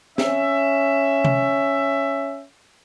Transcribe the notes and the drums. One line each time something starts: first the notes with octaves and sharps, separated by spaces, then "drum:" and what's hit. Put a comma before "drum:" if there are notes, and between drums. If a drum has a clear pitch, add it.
C#4 E5, drum: snare
drum: tom C3